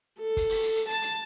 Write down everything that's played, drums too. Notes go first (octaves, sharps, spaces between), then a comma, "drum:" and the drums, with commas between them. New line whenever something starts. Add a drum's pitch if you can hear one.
A4
drum: kick, hi-hat
drum: open hi-hat
drum: hi-hat
drum: hi-hat
A5, drum: hi-hat
drum: hi-hat